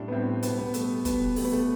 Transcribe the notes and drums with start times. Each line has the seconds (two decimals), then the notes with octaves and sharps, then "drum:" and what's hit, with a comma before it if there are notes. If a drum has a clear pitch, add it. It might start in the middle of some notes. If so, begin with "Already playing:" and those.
Already playing: A2 G3 D4
0.08 B3
0.12 A2 G3 C4
0.42 B2 G3 B3, drum: hi-hat
0.58 B3
0.74 B2 G3 A3, drum: hi-hat
1.05 B2 G3 B3, drum: kick, hi-hat
1.36 B2 G3 A3, drum: open hi-hat
1.45 B3
1.52 A3